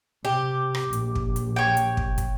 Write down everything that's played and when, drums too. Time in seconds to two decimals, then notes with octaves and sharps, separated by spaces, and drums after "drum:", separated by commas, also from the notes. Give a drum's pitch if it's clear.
0.25 C3 G4
0.75 drum: rim click
0.93 A#1, drum: hi-hat
1.15 drum: kick
1.36 drum: hi-hat
1.56 C#5 G5
1.77 drum: hi-hat
1.97 drum: kick
2.18 drum: kick, hi-hat